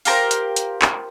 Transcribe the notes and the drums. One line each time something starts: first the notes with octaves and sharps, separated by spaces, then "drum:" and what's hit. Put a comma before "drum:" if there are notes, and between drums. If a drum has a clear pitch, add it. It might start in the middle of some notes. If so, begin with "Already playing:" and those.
F4 G4 A#4 C5, drum: open hi-hat
drum: hi-hat
drum: hi-hat
drum: clap